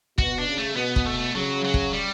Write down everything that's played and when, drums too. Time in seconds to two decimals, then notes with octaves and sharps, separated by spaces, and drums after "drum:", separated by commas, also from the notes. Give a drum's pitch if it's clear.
0.18 B2 F#4, drum: kick
0.38 D4
0.47 C#3
0.58 A3
0.76 B2 B3
0.96 drum: kick
1.06 A3
1.35 C#3 F#3
1.64 F#3
1.74 drum: kick
1.93 G3